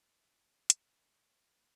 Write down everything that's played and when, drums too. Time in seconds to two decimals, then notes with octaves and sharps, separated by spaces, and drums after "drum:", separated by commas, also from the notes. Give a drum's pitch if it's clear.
0.16 D#5
0.22 B2 C#5
0.46 B2
0.70 B2, drum: hi-hat
0.93 C#4
1.17 E3
1.41 E3